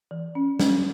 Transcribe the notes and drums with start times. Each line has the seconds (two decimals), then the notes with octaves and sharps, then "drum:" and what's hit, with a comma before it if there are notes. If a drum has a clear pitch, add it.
0.11 E3
0.35 C#4
0.59 C#4, drum: snare